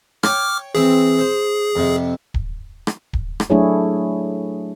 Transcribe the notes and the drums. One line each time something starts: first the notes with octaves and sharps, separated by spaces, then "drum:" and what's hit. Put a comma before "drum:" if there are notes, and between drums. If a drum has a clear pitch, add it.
C#5 G5 D6 F6, drum: rim click
E3 C4 G#4
C5
F2 C3
drum: kick D1
drum: rim click
drum: kick D1
drum: rim click
F#3 A3 D4 E4 G#4 C#5